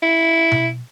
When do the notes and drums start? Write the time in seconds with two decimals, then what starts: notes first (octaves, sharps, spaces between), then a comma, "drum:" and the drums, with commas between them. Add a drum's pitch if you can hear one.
0.02 E4
0.52 drum: tom B2